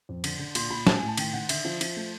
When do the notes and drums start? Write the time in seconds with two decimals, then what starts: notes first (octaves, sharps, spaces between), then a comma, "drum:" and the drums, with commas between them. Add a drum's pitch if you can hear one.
0.09 F2
0.24 D3, drum: cymbal
0.39 D3
0.55 A#2 C6, drum: cymbal
0.70 A#2 B5
0.87 A2 A5, drum: snare
0.96 G#5
1.03 A2
1.08 A5
1.17 D#3 G5, drum: cymbal
1.34 D#3 F#5
1.49 D3 E5, drum: cymbal
1.65 F3
1.81 F3, drum: cymbal
1.97 A3